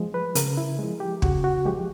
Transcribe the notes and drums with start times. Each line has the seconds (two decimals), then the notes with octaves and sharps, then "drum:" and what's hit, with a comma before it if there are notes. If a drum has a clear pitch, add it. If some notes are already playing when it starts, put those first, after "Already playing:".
Already playing: F3 G#3
0.14 B4
0.35 C#3 A#4, drum: hi-hat
0.57 E4
0.79 F3 G#3
1.00 G4
1.22 C#3 F#4, drum: kick
1.44 F#4
1.65 F3 G#3 G4